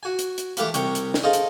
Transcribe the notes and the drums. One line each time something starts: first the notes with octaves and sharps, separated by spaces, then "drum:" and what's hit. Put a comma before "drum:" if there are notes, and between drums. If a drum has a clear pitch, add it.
F#4 G#5
drum: hi-hat
drum: hi-hat
E3 A3 G4 B4 F5 B5, drum: hi-hat
C2 C3 C#5 G5, drum: hi-hat
drum: hi-hat
drum: snare
G#4 A4 C5 D#5 F5
drum: hi-hat